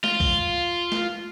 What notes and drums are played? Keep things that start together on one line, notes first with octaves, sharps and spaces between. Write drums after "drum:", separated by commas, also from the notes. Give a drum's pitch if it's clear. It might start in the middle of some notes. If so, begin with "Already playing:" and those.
F4, drum: tom G#3
drum: kick B1
drum: snare